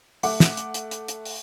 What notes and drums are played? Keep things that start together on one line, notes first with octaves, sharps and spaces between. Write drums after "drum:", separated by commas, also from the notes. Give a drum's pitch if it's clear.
A3 F#5 D6, drum: open hi-hat
drum: snare
drum: hi-hat
drum: hi-hat
drum: hi-hat
drum: hi-hat
drum: open hi-hat